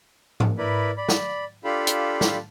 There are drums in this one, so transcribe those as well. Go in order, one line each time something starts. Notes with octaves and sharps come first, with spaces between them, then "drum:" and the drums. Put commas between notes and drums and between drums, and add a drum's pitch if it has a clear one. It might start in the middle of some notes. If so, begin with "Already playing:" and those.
drum: tom G#2
E4 A#4 B4 D5 B5
D5 B5
drum: snare
D4 F4 G4 A4 F5 B5
drum: hi-hat
drum: snare